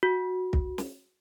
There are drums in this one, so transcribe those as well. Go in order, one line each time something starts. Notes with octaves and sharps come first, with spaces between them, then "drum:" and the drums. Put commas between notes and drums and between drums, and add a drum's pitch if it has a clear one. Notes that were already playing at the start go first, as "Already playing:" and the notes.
F#4
drum: kick
drum: snare